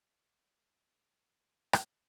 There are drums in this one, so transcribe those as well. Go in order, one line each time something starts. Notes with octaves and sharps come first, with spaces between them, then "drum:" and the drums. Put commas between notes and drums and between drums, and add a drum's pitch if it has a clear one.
G3 A3
G#4
drum: rim click
F3